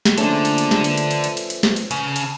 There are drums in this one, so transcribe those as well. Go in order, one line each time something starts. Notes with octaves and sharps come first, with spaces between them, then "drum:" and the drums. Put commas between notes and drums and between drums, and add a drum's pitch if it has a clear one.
drum: snare
F3 A3 A#3 C#4 D4 G#4 A4 D5, drum: cymbal
drum: cymbal
drum: cymbal
drum: snare
B4, drum: cymbal
drum: cymbal
drum: cymbal
drum: cymbal
drum: cymbal
drum: cymbal
drum: snare
drum: cymbal
C#3, drum: cymbal
A5
drum: cymbal